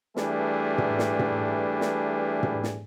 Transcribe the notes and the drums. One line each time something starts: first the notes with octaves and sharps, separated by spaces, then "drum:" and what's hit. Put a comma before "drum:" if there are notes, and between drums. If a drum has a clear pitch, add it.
E3 G3 A3 D4 G#4 B4, drum: snare
drum: tom
drum: snare
drum: tom
drum: snare
drum: tom
drum: snare